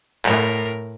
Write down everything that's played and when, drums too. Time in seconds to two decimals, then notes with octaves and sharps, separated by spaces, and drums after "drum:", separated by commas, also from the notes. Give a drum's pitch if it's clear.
0.25 A2 A#4, drum: clap